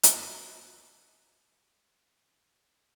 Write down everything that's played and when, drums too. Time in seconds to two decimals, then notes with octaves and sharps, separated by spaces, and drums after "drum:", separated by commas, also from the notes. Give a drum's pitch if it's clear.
0.03 F5 B5, drum: hi-hat